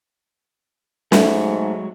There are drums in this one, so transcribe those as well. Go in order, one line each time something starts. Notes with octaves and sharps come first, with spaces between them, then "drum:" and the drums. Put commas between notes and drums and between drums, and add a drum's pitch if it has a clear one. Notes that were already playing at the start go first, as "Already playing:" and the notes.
G#2 F#3 G#3 A3, drum: snare